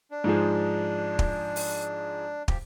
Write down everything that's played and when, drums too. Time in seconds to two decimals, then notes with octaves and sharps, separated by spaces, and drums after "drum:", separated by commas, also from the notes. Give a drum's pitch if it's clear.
0.11 D4
0.24 G#2 F3 G#3
1.19 drum: kick
1.56 drum: open hi-hat
2.48 F3 G4, drum: kick